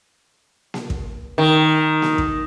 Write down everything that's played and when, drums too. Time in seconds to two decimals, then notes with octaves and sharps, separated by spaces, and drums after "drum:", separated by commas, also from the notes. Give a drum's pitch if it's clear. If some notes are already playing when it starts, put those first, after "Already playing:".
0.74 drum: snare A#3
0.90 drum: kick
1.38 D#3
2.02 drum: snare A#3
2.18 drum: kick